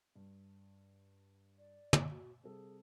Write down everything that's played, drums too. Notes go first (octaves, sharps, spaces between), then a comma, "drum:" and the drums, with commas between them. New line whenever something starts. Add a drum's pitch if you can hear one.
G2
D5
drum: tom
F#4
C3 G3 G#4 A4